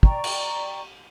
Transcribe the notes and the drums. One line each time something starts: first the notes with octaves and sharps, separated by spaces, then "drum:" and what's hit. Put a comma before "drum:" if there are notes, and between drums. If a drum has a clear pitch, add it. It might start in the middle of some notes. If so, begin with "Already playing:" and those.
D5 G5 A#5 C#6, drum: kick
drum: cymbal